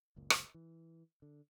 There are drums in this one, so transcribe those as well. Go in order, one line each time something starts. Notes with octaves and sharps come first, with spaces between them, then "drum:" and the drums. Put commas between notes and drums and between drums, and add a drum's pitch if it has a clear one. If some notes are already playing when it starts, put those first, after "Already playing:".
F#1 C#2 A#2
drum: rim click
E3
D3